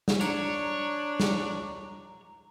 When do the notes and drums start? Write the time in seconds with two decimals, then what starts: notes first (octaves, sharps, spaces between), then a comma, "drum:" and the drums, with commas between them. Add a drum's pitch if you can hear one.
0.08 drum: snare
0.21 D4 C#5 A#5, drum: tambourine
1.20 drum: snare